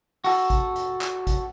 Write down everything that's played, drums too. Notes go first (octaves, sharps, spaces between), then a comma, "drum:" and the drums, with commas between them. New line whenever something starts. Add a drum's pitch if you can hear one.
F#4 A4, drum: open hi-hat
drum: kick, hi-hat
drum: hi-hat
drum: clap
drum: kick, hi-hat